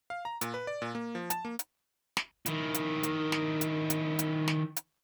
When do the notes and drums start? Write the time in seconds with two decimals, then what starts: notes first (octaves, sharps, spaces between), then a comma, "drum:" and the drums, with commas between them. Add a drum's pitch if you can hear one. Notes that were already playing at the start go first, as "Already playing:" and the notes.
0.10 F5
0.25 A#5
0.41 A#2, drum: hi-hat
0.54 B4
0.67 D5
0.82 A#2
0.95 A#3
1.15 F3
1.30 A5, drum: hi-hat
1.45 A#3
1.59 drum: hi-hat
2.17 drum: snare
2.46 D#3 E4, drum: hi-hat
2.74 drum: hi-hat
3.03 drum: hi-hat
3.32 drum: snare
3.61 drum: hi-hat
3.90 drum: hi-hat
4.19 drum: hi-hat
4.48 drum: snare
4.76 drum: hi-hat